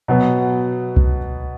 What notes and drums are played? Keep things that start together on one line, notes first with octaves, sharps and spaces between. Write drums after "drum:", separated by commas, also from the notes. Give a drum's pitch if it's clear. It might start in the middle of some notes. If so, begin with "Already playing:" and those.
B2 F#3 B3
drum: kick C2